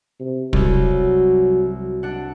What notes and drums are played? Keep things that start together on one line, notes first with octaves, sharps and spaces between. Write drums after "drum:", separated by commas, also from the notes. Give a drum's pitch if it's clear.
C3
C2 F#3, drum: kick
F#3
D4 F#5